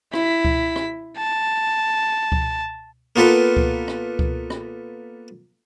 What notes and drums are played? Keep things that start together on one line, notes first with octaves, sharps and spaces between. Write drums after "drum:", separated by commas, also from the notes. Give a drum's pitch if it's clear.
E4 B6, drum: rim click
drum: kick C#2
drum: rim click
A5
drum: kick C#2
A#3 B3 F4 A4 B4
drum: kick C#2
drum: rim click
drum: kick C#2
drum: rim click